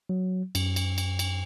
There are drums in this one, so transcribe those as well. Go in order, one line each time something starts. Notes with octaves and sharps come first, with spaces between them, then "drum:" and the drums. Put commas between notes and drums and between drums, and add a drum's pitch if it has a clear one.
F#3
F#2, drum: cymbal
drum: cymbal
drum: cymbal
drum: cymbal